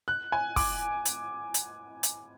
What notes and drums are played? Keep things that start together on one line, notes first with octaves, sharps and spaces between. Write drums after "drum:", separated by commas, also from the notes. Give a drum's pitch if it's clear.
F#6
G#5
D6, drum: kick, open hi-hat
drum: hi-hat
drum: hi-hat
drum: hi-hat